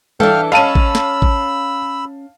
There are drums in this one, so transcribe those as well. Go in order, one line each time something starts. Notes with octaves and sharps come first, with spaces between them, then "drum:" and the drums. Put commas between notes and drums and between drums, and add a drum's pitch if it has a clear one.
E3 D4 A4 F5 G5 F6, drum: tom G3
C#4 D#5 F5 A5 B5 E6 D#7
drum: kick A1
drum: snare
drum: kick A1